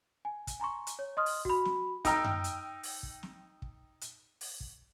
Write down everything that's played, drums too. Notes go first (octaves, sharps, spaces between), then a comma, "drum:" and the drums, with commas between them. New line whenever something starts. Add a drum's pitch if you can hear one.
G#5
drum: kick, hi-hat
G#5 A#5 C6 C#6
drum: hi-hat
C#5
D#5 C6 D#6 F6
drum: open hi-hat
F#4 B5, drum: kick
drum: snare
D#4 G5 A#5 E6 F6, drum: kick, hi-hat
drum: tom F#2
drum: hi-hat
drum: open hi-hat
drum: kick
drum: snare
drum: kick
drum: hi-hat
drum: open hi-hat
drum: kick